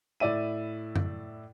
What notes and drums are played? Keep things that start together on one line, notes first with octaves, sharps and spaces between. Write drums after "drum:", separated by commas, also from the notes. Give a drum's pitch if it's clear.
A2 E4 D5 E5 D#7
drum: tom F#2